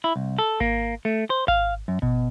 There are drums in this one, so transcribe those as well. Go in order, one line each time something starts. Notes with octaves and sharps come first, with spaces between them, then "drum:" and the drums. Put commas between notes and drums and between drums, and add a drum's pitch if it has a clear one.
E4
C2
A4
A#3, drum: kick G#1
A3
C5
F5, drum: kick G#1
F#2
B2, drum: kick G#1